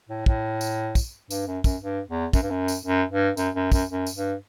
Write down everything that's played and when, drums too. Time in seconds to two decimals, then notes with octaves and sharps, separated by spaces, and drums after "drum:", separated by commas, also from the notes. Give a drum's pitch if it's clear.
0.09 A2
0.26 A2, drum: kick
0.61 drum: tambourine
0.95 drum: kick, tambourine
1.31 G2, drum: tambourine
1.47 F#2
1.64 F#2, drum: kick, tambourine
1.82 G2
2.08 E2
2.33 F#2, drum: kick, tambourine
2.42 G2
2.50 F#2
2.68 drum: tambourine
2.85 F#2
3.12 G2
3.37 F#2, drum: tambourine
3.55 F#2
3.72 F#2, drum: kick, tambourine
3.89 F#2
4.07 drum: tambourine
4.16 G2